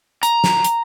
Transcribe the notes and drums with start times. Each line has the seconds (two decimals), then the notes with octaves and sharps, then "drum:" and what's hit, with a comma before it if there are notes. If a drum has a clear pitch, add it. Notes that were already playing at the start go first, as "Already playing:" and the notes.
0.23 A#5, drum: hi-hat
0.44 drum: snare
0.64 drum: hi-hat